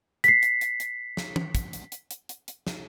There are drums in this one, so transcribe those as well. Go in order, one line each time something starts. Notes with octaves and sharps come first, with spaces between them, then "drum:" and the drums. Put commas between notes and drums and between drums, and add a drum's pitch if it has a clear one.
B6 C7, drum: hi-hat
drum: hi-hat
drum: hi-hat
drum: hi-hat
drum: snare
drum: tom
drum: kick, hi-hat
drum: hi-hat
drum: hi-hat
drum: hi-hat
drum: hi-hat
drum: hi-hat
drum: snare